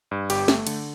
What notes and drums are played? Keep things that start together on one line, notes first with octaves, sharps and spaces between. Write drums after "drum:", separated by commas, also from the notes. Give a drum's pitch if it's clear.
G2
G1 G4, drum: cymbal
A3, drum: snare
D3, drum: cymbal